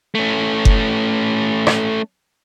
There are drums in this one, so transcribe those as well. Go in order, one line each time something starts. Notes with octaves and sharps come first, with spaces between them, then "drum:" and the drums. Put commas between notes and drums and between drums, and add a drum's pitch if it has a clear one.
A3 C#4
drum: kick F#1
drum: rim click